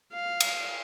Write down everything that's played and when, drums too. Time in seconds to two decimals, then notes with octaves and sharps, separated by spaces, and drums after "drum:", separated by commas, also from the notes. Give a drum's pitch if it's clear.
0.13 F5
0.40 drum: cymbal